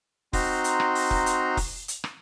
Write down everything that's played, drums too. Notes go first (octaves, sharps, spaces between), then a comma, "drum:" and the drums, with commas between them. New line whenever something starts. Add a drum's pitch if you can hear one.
C4 D#4 F#4 A#5 C6, drum: kick, open hi-hat
drum: hi-hat
drum: rim click
drum: open hi-hat
drum: kick
drum: hi-hat
drum: kick, open hi-hat
drum: hi-hat
drum: rim click